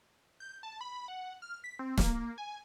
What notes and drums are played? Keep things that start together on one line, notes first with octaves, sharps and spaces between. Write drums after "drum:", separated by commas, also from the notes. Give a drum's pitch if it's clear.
G6
A5
B5
F#5
F6
B6
C4
A#3, drum: snare
G#5